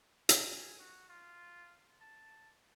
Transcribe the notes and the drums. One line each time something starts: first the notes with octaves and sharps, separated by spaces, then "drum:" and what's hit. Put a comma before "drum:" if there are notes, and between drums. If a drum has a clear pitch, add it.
G#5, drum: hi-hat
F#4
F4
A5